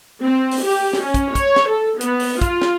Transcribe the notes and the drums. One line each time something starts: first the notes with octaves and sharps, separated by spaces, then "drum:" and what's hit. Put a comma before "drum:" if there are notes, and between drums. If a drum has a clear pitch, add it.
C4
drum: open hi-hat
G4
drum: snare
C#4
drum: kick, hi-hat
C#5, drum: kick, hi-hat
drum: snare
A4
B3, drum: hi-hat
drum: open hi-hat
F4, drum: kick, hi-hat
drum: snare